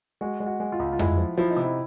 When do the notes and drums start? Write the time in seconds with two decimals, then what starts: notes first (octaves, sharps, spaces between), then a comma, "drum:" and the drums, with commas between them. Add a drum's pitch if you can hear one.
0.21 G#3 F#4
0.40 G#3
0.46 F#4
0.60 G#3
0.72 F4
0.79 C#2
0.93 F4
0.99 G#3 E4, drum: tom F2
1.18 F3
1.38 F3 E4
1.50 D#4
1.56 C3
1.63 E4